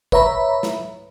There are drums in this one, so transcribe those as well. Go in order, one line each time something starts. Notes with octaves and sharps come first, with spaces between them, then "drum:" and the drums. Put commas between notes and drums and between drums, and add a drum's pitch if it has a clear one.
B4 C#5 E5 A#5 B5, drum: kick
drum: snare